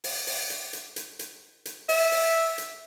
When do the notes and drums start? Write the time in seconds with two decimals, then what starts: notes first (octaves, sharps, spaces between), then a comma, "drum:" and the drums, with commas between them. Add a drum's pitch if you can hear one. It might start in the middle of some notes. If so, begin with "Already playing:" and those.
0.04 drum: open hi-hat
0.27 drum: open hi-hat
0.50 drum: hi-hat
0.73 drum: hi-hat
0.96 drum: hi-hat
1.19 drum: hi-hat
1.65 drum: hi-hat
1.89 E5, drum: open hi-hat
2.12 drum: open hi-hat
2.58 drum: hi-hat